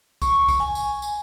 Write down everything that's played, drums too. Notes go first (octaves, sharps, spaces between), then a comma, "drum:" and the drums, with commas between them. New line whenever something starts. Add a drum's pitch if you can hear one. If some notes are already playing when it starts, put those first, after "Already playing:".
C#6, drum: kick, tambourine
drum: kick, tambourine
G#5
drum: tambourine
drum: tambourine